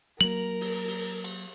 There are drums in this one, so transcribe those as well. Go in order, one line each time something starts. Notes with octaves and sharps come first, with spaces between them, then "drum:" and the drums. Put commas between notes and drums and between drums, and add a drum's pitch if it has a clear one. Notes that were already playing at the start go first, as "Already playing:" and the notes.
F#3 A#3 A#4 F#7
drum: open hi-hat
drum: open hi-hat
drum: cymbal